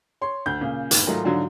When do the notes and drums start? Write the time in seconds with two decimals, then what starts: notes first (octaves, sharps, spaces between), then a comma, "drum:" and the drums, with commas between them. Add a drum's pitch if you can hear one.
0.21 C#5 C6
0.46 D2 G6
0.61 A#2 C#3
0.91 G1 D#2, drum: hi-hat
1.07 G#2 D#3 F#3 A3 D#4 F4
1.25 G#2 D3 F3 F#3